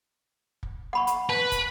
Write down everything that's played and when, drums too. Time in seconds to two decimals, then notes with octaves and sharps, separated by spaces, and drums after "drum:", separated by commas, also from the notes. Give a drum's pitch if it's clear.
0.63 drum: kick
0.93 F#5 B5 C#6
1.07 drum: hi-hat
1.29 B4 A5
1.52 drum: kick, hi-hat